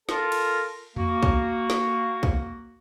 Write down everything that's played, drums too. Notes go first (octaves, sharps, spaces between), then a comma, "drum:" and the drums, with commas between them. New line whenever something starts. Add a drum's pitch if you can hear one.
F4 A4 A#4, drum: snare
drum: cymbal
A#3 F#4, drum: tom E2
drum: kick
drum: snare
drum: kick